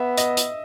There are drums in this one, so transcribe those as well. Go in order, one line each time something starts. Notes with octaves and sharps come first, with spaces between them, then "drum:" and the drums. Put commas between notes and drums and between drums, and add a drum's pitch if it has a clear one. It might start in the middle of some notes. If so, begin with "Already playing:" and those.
Already playing: B3 E5
D#5, drum: hi-hat
drum: hi-hat